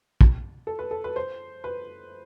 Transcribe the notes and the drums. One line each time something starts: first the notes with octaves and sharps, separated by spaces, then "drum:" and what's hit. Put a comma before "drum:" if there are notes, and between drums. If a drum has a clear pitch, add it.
drum: kick
A4
B4
A4
B4
C5
B4